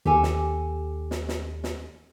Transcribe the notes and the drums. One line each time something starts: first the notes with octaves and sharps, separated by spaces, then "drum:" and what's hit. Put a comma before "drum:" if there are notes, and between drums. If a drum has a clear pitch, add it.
D#2 G4 A4 G#5
drum: snare
drum: snare
drum: snare
drum: snare